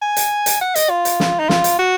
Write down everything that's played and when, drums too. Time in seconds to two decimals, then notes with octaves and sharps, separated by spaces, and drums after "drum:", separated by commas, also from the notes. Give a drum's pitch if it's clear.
0.02 G#5
0.16 drum: hi-hat
0.46 drum: hi-hat
0.61 F#5
0.76 D#5, drum: hi-hat
0.90 F4
1.05 drum: hi-hat
1.20 drum: snare
1.40 D#4
1.49 F4, drum: snare
1.64 drum: hi-hat
1.79 F#4